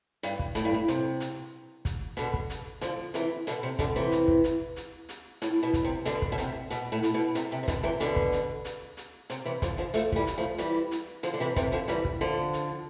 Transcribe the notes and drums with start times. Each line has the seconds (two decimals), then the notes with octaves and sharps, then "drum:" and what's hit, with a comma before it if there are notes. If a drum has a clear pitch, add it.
0.23 G2, drum: hi-hat
0.39 drum: kick
0.55 A2, drum: hi-hat
0.65 G2
0.74 A2
0.88 C3, drum: hi-hat
1.20 drum: hi-hat
1.85 drum: kick, hi-hat
2.17 B2 D3, drum: hi-hat
2.34 drum: kick
2.50 drum: hi-hat
2.81 D3 F3, drum: hi-hat
3.14 C3 E3, drum: hi-hat
3.47 B2 D3, drum: hi-hat
3.63 C3
3.79 B2 D3, drum: kick, hi-hat
3.96 C3 E3
4.12 drum: hi-hat
4.28 drum: kick
4.44 drum: hi-hat
4.76 drum: hi-hat
5.09 drum: hi-hat
5.42 A2, drum: hi-hat
5.63 B2
5.73 drum: kick, hi-hat
5.84 C3
6.05 B2 D3, drum: hi-hat
6.22 drum: kick
6.32 B2
6.38 C3, drum: hi-hat
6.70 B2, drum: hi-hat
6.92 A2
7.03 drum: hi-hat
7.14 B2
7.35 C3, drum: hi-hat
7.52 C3
7.63 C3
7.68 B2 D3, drum: kick, hi-hat
7.83 C3 E3
8.00 B2 D3, drum: hi-hat
8.16 drum: kick
8.32 drum: hi-hat
8.65 drum: hi-hat
8.97 drum: hi-hat
9.30 C3, drum: hi-hat
9.45 C3 E3
9.62 D3 F3, drum: kick, hi-hat
9.78 D3 F3
9.94 F3 A3, drum: hi-hat
10.12 A3, drum: kick
10.16 E3 G3
10.27 drum: hi-hat
10.38 F3 A3
10.58 E3 G3, drum: hi-hat
10.91 drum: hi-hat
11.23 D3 F3, drum: hi-hat
11.34 D3
11.40 C3 E3
11.56 C3 E3, drum: kick, hi-hat
11.72 D3 F3
11.88 E3 G3, drum: hi-hat
12.05 drum: kick
12.21 D3 F3
12.53 drum: hi-hat